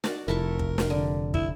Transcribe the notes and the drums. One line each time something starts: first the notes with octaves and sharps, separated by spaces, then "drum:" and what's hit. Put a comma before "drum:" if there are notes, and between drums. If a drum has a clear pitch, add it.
F#4 D5, drum: snare
F1 E4 A4 A#4 C#6
drum: kick
drum: snare
D3
E4, drum: kick